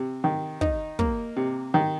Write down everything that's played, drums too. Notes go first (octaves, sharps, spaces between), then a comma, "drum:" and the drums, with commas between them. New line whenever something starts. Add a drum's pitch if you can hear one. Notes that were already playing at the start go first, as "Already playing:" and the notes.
Already playing: C3
D#3
D#4, drum: kick
A#3, drum: kick
C3
D#3